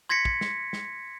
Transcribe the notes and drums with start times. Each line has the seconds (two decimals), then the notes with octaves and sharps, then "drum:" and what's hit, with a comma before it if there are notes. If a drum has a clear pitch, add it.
0.09 C6 G#6 A#6 B6 C#7
0.25 drum: kick
0.41 drum: snare
0.73 drum: snare